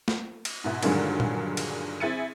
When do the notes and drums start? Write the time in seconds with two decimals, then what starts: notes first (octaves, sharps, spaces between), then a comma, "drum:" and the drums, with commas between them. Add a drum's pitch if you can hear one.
0.08 drum: snare
0.45 drum: cymbal
0.64 G#2 B2 E4
0.83 G2 A#2 D3 D#3 F#3 G#3, drum: cymbal
1.20 drum: tom A#2
1.57 drum: cymbal
2.00 C4 E4 G#4 A6 C#7 D#7